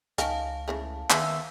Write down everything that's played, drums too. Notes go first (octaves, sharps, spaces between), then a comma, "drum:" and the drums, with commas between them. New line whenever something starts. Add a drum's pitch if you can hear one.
C#2 D#3 C#4 F5 A5, drum: hi-hat
C#3 E3 A3
D#3 B3 G#4 E5, drum: clap